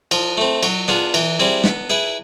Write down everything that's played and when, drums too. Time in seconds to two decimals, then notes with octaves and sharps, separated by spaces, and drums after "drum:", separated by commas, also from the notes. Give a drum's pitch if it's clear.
0.11 F3, drum: cymbal
0.37 A3 C4
0.63 F#3, drum: cymbal
0.88 B3 D4 F4 G#4
1.14 E3, drum: cymbal
1.39 G3 C4 E4 G#4
1.64 B3, drum: snare
1.90 E4 G#4 B4